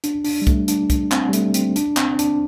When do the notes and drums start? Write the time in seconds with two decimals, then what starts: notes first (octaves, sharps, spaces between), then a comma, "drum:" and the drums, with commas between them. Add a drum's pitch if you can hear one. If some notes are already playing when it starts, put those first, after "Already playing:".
0.04 D4, drum: hi-hat
0.25 D4, drum: open hi-hat
0.42 G3
0.47 A3, drum: kick C2, hi-hat
0.68 D4, drum: hi-hat
0.90 drum: kick C2, hi-hat
1.12 C4, drum: clap
1.29 G3
1.33 A3, drum: hi-hat
1.54 C4, drum: hi-hat
1.76 D4, drum: hi-hat
1.97 C4, drum: clap
2.19 D4, drum: hi-hat